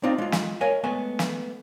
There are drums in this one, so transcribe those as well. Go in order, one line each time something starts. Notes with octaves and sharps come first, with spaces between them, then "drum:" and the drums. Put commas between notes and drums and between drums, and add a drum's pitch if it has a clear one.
C4 D4 D#4 F4
G#3 F4
drum: snare
A#4 C#5 D#5 F5 G#5
G#3 A3 B3 G#5 A5
drum: snare